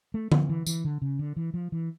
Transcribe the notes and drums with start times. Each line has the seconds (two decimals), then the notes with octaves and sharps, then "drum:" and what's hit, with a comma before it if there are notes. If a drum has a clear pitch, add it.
0.14 A3
0.32 F3, drum: tom D3
0.49 E3
0.67 E3, drum: tambourine
0.84 D3
1.02 C#3
1.19 D3
1.36 E3
1.54 F3
1.72 E3